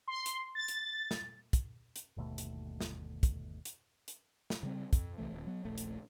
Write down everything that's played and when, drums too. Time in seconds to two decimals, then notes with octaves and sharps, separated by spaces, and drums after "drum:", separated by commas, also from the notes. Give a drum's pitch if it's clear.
0.08 C6
0.26 drum: hi-hat
0.55 A6
0.68 drum: hi-hat
1.11 drum: snare
1.53 drum: kick, hi-hat
1.96 drum: hi-hat
2.17 G1 D#2 B2 A3
2.38 drum: hi-hat
2.81 drum: snare
3.23 drum: kick, hi-hat
3.65 drum: hi-hat
4.08 drum: hi-hat
4.50 drum: snare
4.63 C#3 G3 C4
4.93 F2, drum: kick, hi-hat
5.18 C2 E3 A3
5.32 D#1
5.47 F#3 B3
5.65 D#1 A#1 A3
5.78 drum: hi-hat